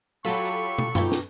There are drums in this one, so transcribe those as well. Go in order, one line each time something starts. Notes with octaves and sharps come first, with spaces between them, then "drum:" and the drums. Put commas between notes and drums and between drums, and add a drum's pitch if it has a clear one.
F#3 F4 G4 A4 B5 C#6
drum: hi-hat
drum: tom
B2 D#4 F4 G4, drum: tom F#2
drum: snare